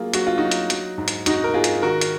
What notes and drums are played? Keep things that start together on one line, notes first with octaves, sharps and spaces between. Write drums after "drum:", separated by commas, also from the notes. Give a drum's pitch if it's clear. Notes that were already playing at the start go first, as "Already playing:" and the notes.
Already playing: F#3 A#3 F4 G#4
F#3 F#4, drum: hi-hat
F4
F#3 D#4 F#4
drum: hi-hat
F#3, drum: hi-hat
G#2
drum: hi-hat
G#2 D#4 F#4, drum: hi-hat
A#4
G#2 F4 G#4
drum: hi-hat
D#3 F#4 A#4
drum: hi-hat